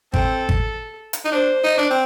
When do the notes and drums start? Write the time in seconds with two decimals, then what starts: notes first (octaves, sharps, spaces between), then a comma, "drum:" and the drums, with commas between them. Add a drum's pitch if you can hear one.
0.14 C4 A4, drum: kick G#1
0.49 drum: kick G#1
1.13 drum: hi-hat
1.25 D#4
1.32 D4 C5
1.64 D#4
1.78 D4
1.90 C4